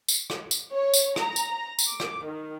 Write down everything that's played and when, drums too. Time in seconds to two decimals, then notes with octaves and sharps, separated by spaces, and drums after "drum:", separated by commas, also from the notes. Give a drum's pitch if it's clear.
0.09 drum: tambourine
0.30 drum: rim click
0.51 drum: tambourine
0.72 C#5
0.94 drum: tambourine
1.16 A#5, drum: rim click
1.36 drum: tambourine
1.79 drum: tambourine
1.88 D6
2.00 drum: rim click
2.25 D#3